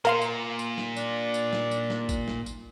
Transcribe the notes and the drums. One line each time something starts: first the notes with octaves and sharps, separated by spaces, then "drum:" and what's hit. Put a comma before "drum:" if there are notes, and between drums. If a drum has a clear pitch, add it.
A#2 A#4 F5 C6
drum: tambourine
drum: tambourine
drum: snare
D4, drum: tambourine
drum: tambourine
drum: snare
drum: tambourine
drum: snare
drum: kick G#1, tambourine
drum: snare
drum: tambourine